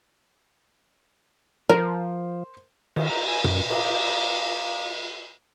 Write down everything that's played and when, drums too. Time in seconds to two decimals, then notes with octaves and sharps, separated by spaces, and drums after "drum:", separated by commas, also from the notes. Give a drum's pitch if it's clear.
1.69 F3 A#4 C5
2.96 D#3, drum: cymbal
3.10 A#5
3.28 G#5
3.44 F#2, drum: tom A#2
3.70 D5 F5 A#5 D6 D#6, drum: cymbal